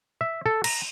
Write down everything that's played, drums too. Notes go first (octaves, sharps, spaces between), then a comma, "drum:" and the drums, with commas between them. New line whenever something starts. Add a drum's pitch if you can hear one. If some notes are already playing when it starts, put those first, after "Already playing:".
E5
A4
A#5, drum: cymbal